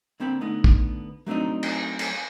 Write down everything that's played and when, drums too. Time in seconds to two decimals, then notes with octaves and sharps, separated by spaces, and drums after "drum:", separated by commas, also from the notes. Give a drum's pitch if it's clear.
0.20 D3 A#3 C4 G5 B5
0.41 D3 A3 B3 D#4
0.64 drum: kick
1.26 F#3 A3 C4 D4 D#4
1.63 drum: cymbal
1.99 drum: cymbal